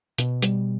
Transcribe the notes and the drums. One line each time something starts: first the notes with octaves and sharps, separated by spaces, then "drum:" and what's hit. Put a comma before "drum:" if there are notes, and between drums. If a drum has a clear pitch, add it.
B2, drum: hi-hat
G3, drum: hi-hat